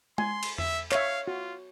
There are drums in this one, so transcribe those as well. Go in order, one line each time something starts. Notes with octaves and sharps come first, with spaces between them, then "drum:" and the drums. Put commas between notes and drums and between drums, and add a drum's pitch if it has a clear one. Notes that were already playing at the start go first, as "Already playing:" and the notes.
G#5 C6, drum: tom G#3
drum: cymbal
E5, drum: tom E2
C#5 E5 F5, drum: clap
F4 F#4